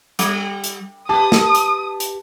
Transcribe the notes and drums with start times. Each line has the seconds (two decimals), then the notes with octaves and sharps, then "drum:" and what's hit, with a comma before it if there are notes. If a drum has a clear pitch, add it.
0.19 G3, drum: hi-hat
0.64 drum: hi-hat
1.09 G4 B4 A5 D#6
1.32 drum: snare
1.55 drum: hi-hat
2.00 drum: hi-hat